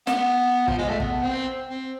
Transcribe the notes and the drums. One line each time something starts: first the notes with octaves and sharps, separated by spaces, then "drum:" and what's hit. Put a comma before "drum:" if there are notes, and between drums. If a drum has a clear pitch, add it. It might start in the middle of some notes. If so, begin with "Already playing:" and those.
B3, drum: snare
F3, drum: kick
G#3
A3
B3, drum: kick
C4
C4